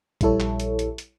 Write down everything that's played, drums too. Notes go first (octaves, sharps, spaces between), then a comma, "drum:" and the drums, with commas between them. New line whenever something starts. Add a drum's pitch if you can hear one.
A#1 G3 E4 A4 C#5, drum: kick, hi-hat
drum: clap
drum: hi-hat
drum: hi-hat
drum: hi-hat